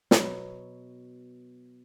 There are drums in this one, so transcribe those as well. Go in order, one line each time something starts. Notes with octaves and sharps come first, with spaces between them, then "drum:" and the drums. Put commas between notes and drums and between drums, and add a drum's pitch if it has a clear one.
B2 F#3 B3, drum: snare